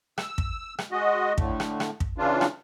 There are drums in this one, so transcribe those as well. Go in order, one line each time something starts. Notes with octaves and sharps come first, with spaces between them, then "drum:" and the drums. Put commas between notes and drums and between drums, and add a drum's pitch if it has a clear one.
E6, drum: rim click
drum: kick
drum: rim click
G#3 F#4 D#5
A2 D3 A3, drum: kick
drum: rim click
drum: rim click
drum: kick
C#3 E3 D4 F4
drum: rim click